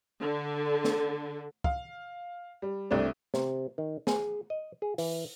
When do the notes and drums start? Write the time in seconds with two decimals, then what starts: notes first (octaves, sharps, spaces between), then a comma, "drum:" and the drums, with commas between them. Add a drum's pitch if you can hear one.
0.21 D3
0.84 drum: snare
1.64 F5, drum: kick
2.62 G3
2.91 C2 A3 C4 D4
3.34 C3, drum: snare
3.78 D#3
4.07 G#4, drum: snare
4.50 D#5
4.82 G#4
4.98 E3, drum: open hi-hat